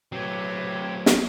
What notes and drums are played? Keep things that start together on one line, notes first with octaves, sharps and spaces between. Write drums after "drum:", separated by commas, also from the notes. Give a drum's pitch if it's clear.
F#3 A3 C4 G4 B4 C#5
drum: snare